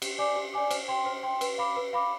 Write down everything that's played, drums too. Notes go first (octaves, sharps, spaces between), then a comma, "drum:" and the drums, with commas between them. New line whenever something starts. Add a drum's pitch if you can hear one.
G4, drum: cymbal
D5 G#5 D6
G4
D5 G#5 D6
C5, drum: cymbal
G5 C6
C5
G5 C6
B4, drum: cymbal
F5 B5 D6
B4
F5 B5 D6